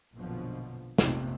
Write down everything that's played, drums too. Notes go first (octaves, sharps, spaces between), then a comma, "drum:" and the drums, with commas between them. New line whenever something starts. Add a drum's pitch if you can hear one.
A#1 F#2 B2 D3 F3
A#1 F2 C3 A3 B3 C4, drum: snare